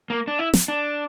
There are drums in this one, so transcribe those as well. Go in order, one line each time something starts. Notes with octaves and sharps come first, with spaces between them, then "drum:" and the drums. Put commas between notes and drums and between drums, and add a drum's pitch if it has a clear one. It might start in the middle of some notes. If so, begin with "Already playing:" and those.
A#3
D4
E4
drum: snare
D4